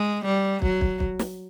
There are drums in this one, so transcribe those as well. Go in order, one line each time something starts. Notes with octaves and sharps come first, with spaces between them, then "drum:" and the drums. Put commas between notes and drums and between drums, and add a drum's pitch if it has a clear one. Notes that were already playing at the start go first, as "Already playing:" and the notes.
Already playing: G#3
G3
F#3, drum: kick
drum: kick
drum: kick
drum: snare